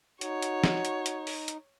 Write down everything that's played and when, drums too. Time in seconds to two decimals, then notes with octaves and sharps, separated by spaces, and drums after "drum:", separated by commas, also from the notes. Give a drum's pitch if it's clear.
0.21 D#4 F#4 C#5, drum: hi-hat
0.42 drum: hi-hat
0.64 drum: snare
0.85 drum: hi-hat
1.06 drum: hi-hat
1.27 drum: open hi-hat
1.48 drum: hi-hat